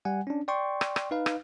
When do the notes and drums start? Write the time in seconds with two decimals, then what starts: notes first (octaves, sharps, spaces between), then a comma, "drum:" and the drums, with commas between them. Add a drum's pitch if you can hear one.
0.05 G3 F#5 G#5
0.27 C#4 D4
0.48 D5 G5 C6 C#6
0.81 drum: rim click
0.96 drum: rim click
1.11 D#4 B4 F5
1.26 drum: rim click